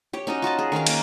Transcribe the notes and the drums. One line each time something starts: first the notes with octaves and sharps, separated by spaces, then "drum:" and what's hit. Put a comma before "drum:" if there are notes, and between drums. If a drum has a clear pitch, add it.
G4 C#5
C#4 D#4 F#4 D#5
F4 F#4 D#5 A5
G#4
D#3 C#4 A#4 F5
A#3, drum: cymbal